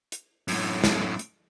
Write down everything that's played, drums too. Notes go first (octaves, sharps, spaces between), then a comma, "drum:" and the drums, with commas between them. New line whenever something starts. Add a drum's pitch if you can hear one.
drum: hi-hat
F#2 A2, drum: open hi-hat
drum: snare
drum: hi-hat